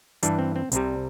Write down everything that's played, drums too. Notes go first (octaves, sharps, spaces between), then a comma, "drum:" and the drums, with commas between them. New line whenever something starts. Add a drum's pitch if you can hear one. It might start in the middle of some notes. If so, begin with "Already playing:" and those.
G2 E3 G3 D4, drum: hi-hat
C4
C4
C2 C3 G3 C4, drum: hi-hat